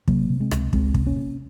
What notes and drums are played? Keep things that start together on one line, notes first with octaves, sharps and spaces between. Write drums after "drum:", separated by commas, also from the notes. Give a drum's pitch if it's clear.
C3 F#3 A#3, drum: kick
C3
G#3 C4
C#2, drum: rim click
C#2 G#3 C4, drum: kick
C3, drum: kick
A#3 C#4
C3